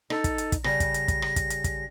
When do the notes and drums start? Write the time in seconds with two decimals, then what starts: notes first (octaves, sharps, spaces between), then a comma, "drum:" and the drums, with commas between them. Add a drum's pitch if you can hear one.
0.10 D#4 A4, drum: rim click
0.24 drum: kick, hi-hat
0.38 drum: hi-hat
0.52 drum: kick, hi-hat
0.64 C#3 G3 A#6, drum: rim click
0.80 drum: kick, hi-hat
0.94 drum: hi-hat
1.08 drum: kick, hi-hat
1.22 drum: rim click
1.36 drum: kick, hi-hat
1.50 drum: hi-hat
1.64 drum: kick, hi-hat